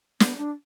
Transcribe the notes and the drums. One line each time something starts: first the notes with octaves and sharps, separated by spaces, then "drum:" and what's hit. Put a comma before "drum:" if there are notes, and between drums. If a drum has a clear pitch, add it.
B3, drum: snare
D4